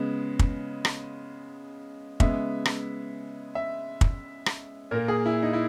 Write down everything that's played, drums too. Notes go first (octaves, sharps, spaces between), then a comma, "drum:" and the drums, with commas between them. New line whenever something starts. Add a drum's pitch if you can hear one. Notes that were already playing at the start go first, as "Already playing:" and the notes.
Already playing: C#3 G#3 B3
drum: kick
drum: rim click
C#3 G#3 B3 E5, drum: kick
drum: rim click
E5
drum: kick
drum: rim click
A#2 A#3 A#4
G#4
E4
D#4
E4